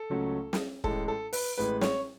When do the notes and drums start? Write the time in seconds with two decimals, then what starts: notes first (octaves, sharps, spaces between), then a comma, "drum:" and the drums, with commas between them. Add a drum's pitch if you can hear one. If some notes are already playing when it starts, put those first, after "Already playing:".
Already playing: A4
0.10 C#2 C#3 F#3 A3 C#4
0.53 drum: snare
0.84 A1 A2 G#3 A4, drum: kick
1.08 A4
1.33 B4, drum: open hi-hat
1.58 A1 A2 G#3 B4
1.81 C#5, drum: snare